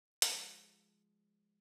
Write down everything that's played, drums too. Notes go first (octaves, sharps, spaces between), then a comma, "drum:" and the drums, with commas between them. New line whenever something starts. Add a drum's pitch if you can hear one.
A#3, drum: hi-hat
F3 G#3